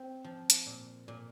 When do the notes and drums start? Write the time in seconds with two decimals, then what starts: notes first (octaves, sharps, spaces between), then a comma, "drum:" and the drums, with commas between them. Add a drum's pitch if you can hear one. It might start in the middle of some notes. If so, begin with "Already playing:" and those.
Already playing: C4
0.24 F3
0.50 drum: hi-hat
0.66 A#2
1.08 A#2